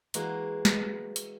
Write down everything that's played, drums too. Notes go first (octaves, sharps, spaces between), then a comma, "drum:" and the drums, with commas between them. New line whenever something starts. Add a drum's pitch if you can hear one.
E3 G#3 A#3 F#4 A#4, drum: hi-hat
drum: snare
drum: hi-hat